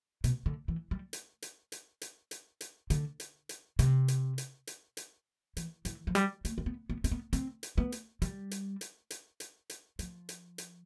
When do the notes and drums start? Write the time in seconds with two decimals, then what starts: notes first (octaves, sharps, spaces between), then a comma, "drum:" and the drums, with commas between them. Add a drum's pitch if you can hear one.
0.24 B2, drum: hi-hat
0.46 D3
0.68 E3
0.91 G3
1.13 drum: hi-hat
1.42 drum: hi-hat
1.72 drum: hi-hat
2.01 drum: hi-hat
2.31 drum: hi-hat
2.61 drum: hi-hat
2.90 D3, drum: hi-hat
3.20 drum: hi-hat
3.49 drum: hi-hat
3.79 C3, drum: hi-hat
4.08 drum: hi-hat
4.38 drum: hi-hat
4.67 drum: hi-hat
4.97 drum: hi-hat
5.57 E3, drum: hi-hat
5.85 E3, drum: hi-hat
6.07 F3
6.15 G3, drum: hi-hat
6.45 A3, drum: hi-hat
6.58 C4
6.66 B3
6.90 B3
7.04 C4, drum: hi-hat
7.11 B3
7.33 C4, drum: hi-hat
7.63 drum: hi-hat
7.78 B3
7.92 drum: hi-hat
8.22 G3, drum: hi-hat
8.51 drum: hi-hat
8.81 drum: hi-hat
9.10 drum: hi-hat
9.40 drum: hi-hat
9.70 drum: hi-hat
9.99 F3, drum: hi-hat
10.29 drum: hi-hat
10.58 drum: hi-hat